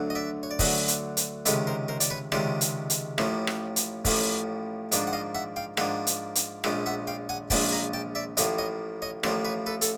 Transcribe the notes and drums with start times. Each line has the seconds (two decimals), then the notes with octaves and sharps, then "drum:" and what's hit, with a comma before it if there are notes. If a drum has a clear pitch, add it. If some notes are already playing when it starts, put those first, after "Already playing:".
Already playing: D2 D3 F#3
0.10 D#5
0.15 D5 E5
0.43 C#5
0.51 D5
0.59 D2 D3 F#3 C#5 D#5, drum: kick, open hi-hat
0.88 drum: hi-hat
1.17 drum: hi-hat
1.45 C#2 C3 D#3 G#3 C#4 A4 B4, drum: hi-hat
1.67 A#4 C5
1.88 A#4 C5
2.00 D5, drum: hi-hat
2.10 B4 C#5
2.32 C#2 C3 D#3 G#3 C#4 C5 D5, drum: rim click
2.61 drum: hi-hat
2.90 drum: hi-hat
3.18 A1 A2 F3 A#3 C#4, drum: rim click
3.47 drum: rim click
3.76 drum: hi-hat
4.05 A1 A2 F3 A#3 C#4, drum: kick, open hi-hat
4.92 G#2 F3 A#3 D4, drum: hi-hat
5.07 F#5
5.13 D#5 F5
5.35 E5 F#5
5.56 F5 G5
5.77 G#2 F3 A#3 D4 F#5 G#5, drum: rim click
6.07 drum: hi-hat
6.35 drum: hi-hat
6.64 A#1 A#2 F3 G#3 C#4 F5 G5, drum: rim click
6.86 E5 F#5
7.07 F5 G5
7.29 F#5 G#5
7.50 A#1 A#2 F3 G#3 C#4 G5 A5, drum: kick, open hi-hat
7.73 G#5 A#5
7.93 G5 A5
8.15 D5 E5
8.37 A1 A2 F3 A#3 C#5 D#5, drum: hi-hat
8.58 C#5 D#5
9.02 C#5 D#5
9.23 A1 A2 F3 A#3 C5 D5, drum: rim click
9.45 B4 C#5
9.66 A4 B4
9.81 A4, drum: hi-hat